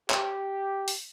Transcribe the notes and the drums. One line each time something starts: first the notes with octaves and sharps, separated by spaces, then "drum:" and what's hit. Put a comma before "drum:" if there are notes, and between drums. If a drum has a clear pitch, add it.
G4, drum: clap
drum: open hi-hat